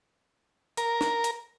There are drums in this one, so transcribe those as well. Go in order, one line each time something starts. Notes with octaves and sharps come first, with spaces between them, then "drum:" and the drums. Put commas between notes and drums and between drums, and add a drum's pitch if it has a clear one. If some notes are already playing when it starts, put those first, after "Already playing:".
A#4, drum: hi-hat
drum: snare
drum: hi-hat